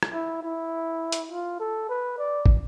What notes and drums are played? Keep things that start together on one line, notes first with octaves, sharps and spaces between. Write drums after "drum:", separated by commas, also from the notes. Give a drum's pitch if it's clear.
drum: rim click
E4
E4
drum: hi-hat
F4
A4
B4
D5
drum: kick